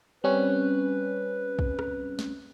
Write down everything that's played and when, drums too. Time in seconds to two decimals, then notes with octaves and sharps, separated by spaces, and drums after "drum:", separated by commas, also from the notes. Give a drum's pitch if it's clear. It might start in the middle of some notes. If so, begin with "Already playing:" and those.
0.24 G3 C4 C#4 B4
1.59 drum: kick
1.79 drum: rim click
2.19 drum: snare